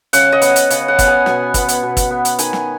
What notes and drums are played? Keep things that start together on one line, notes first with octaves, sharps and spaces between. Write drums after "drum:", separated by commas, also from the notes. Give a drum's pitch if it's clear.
C#3 F#5, drum: hi-hat
D#5
B3, drum: hi-hat
drum: hi-hat
C#3, drum: hi-hat
F#5
B3, drum: kick, hi-hat
G#5
B2 G#5, drum: snare
B3, drum: kick, hi-hat
drum: hi-hat
B2
drum: kick, hi-hat
B3
drum: hi-hat
D#3 G#5, drum: hi-hat
drum: snare